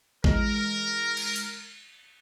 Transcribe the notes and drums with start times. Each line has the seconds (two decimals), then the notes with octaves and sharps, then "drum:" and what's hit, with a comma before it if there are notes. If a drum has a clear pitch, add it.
0.24 E3 G#3 A#4, drum: kick A1
1.17 drum: cymbal
1.36 drum: hi-hat